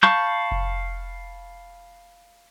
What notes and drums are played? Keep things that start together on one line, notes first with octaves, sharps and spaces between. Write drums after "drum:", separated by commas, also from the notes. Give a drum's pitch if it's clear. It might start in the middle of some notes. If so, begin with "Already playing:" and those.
F5 A5 B5 C#6 G6, drum: snare
drum: kick F1